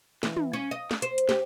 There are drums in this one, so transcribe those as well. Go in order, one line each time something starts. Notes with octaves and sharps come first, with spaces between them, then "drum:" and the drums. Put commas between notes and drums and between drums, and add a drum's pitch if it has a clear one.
E3, drum: snare
drum: tom
C#4
D#5
drum: snare
C5, drum: hi-hat
drum: hi-hat
G4, drum: snare